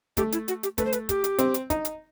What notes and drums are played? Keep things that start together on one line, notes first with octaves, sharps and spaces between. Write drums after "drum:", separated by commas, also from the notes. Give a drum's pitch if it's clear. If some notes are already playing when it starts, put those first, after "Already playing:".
A3 G4, drum: kick, hi-hat
E4, drum: hi-hat
F#4, drum: hi-hat
G4, drum: hi-hat
A3 B4, drum: kick, hi-hat
C5
B4, drum: hi-hat
G4, drum: kick, hi-hat
drum: hi-hat
C4, drum: hi-hat
drum: hi-hat
D#4, drum: kick, hi-hat
drum: hi-hat